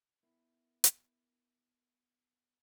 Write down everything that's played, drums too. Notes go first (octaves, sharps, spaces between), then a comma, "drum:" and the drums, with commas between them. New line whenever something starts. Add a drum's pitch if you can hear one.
B3 E4 A#4 E5
drum: hi-hat